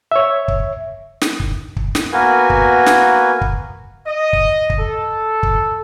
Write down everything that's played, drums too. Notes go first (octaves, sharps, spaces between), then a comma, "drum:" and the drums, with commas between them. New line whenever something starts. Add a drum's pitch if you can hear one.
C#5 E5
drum: kick
drum: snare
drum: kick
drum: kick
drum: snare
A#3 B3 F#4 A#4 B4 G#5
drum: kick
drum: snare
drum: kick
D#5
drum: kick
drum: kick
A4
drum: kick